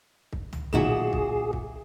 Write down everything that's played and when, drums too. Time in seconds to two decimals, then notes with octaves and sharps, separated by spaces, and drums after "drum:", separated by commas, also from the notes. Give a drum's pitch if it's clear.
0.33 drum: kick
0.53 drum: tom
0.73 B1 A#2 D#3 E4 F#4 G#4 E7, drum: kick
1.13 drum: kick
1.53 drum: kick